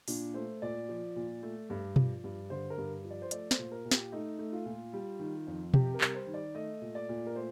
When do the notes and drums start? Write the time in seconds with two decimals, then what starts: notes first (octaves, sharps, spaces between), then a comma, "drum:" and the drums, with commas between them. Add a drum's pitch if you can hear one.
0.08 A#2 D4, drum: open hi-hat
0.34 A3 C5
0.62 A#2 D5
0.89 F3
1.16 A#2
1.43 A3
1.70 G2
1.96 F3, drum: tom B2
2.24 G2
2.50 D3 C5
2.70 A#4
2.78 G2
3.04 F3
3.11 D5
3.22 C5
3.31 A3 D5, drum: hi-hat
3.51 C5, drum: snare
3.59 A#2
3.72 A#4
3.85 A#2
3.91 G4, drum: snare
4.12 A3 D#4
4.39 A3
4.52 F4
4.66 A#2
4.93 G3
5.19 D#3
5.47 F2
5.74 C3 G4, drum: tom B2
5.94 A#4
6.01 G3, drum: clap
6.15 C5
6.27 D#3
6.34 D5
6.54 A3 D#5
6.82 A#2
6.95 D5
7.09 A#2
7.27 A#4
7.35 A3 C5